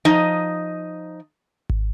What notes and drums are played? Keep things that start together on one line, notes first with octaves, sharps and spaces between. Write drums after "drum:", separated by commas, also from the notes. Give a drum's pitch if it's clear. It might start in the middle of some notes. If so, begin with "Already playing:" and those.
F3 D#4 D#5
drum: kick G#1